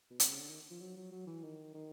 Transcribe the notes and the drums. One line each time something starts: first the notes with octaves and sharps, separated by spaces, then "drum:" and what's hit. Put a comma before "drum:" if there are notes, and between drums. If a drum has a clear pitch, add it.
B2
C3, drum: hi-hat
C#3
D3
D#3
F3
F#3
F#3
F#3
E3
D#3
D#3